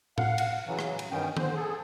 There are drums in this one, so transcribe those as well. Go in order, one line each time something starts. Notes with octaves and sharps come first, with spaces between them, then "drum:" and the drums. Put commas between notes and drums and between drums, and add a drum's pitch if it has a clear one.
F5 F#5, drum: tom A2
drum: cymbal
C#3 E3 F#3
drum: rim click
drum: cymbal
G2 D#3 B3 C#4 G5
D3 C5, drum: tom D#3
G#4 A4